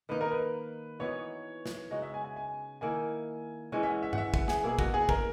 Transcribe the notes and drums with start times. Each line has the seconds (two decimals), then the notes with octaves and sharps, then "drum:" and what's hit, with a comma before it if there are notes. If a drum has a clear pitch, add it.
0.09 D#3 A#3 D#4 B4
0.21 A#4
0.32 B4
1.00 E3 B3 D#4 F#4 C#5
1.66 drum: snare
1.91 C#3 G#3 D#4 F#4 D#5
2.02 E5
2.14 G#5
2.24 G#5
2.36 G#5
2.81 D#3 A#3 E4 G#5
3.72 E3 G#3 C#4 G#5
3.83 E5
3.88 F#5
4.03 E5
4.13 F#5, drum: tom G2
4.18 E5
4.34 F#5, drum: kick
4.48 G#4, drum: snare
4.64 B2 A#3 E4 G#4
4.79 F#4, drum: kick
4.94 G#4
5.09 A#4, drum: kick